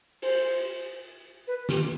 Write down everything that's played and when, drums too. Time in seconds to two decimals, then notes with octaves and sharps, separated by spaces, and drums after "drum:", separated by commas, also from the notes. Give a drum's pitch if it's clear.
0.22 C5, drum: open hi-hat
1.47 B4
1.69 G4, drum: snare